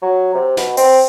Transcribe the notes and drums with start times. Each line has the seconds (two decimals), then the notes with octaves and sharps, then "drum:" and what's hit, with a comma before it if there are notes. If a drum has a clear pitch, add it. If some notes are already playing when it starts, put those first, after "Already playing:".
0.02 F#3
0.35 C3
0.57 B2, drum: snare
0.77 C4, drum: open hi-hat